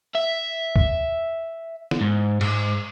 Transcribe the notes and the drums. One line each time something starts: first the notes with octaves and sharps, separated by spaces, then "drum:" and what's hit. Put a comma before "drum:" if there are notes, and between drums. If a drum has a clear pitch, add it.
E5
drum: kick
drum: snare
G#2
G#2, drum: cymbal